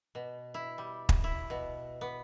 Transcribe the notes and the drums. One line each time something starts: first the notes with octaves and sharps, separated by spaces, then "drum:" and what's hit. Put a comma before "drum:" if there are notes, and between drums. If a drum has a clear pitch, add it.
B2
E4
G3
drum: kick
E4
B2
B3